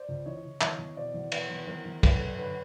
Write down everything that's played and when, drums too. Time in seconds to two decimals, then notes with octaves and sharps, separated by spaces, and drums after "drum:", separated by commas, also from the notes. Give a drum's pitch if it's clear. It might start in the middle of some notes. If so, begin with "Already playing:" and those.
Already playing: C5 D5
0.09 C#2
0.26 E3 C#5 D#5
0.44 C#3
0.61 E2 C#5 D#5, drum: clap
0.79 E2
0.97 B2 C5 D5
1.14 E2
1.32 B2 B4 C#5, drum: cymbal
1.50 E2
1.67 E2 A#4 C5
1.85 E2
2.03 F#2 A4 B4, drum: kick, cymbal
2.20 F#2
2.38 D3 B4 C#5